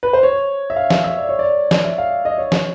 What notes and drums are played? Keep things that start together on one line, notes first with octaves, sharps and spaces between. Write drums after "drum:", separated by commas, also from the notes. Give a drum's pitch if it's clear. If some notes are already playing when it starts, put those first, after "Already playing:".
B4
C5
C#5
E5
F5
drum: snare
E5
D5
C#5
D5
drum: snare
E5
F5
D#5
C#5
drum: snare